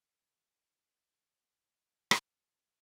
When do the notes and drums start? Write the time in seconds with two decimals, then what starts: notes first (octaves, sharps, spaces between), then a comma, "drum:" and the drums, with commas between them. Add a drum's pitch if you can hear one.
0.18 B3 E4
2.11 drum: rim click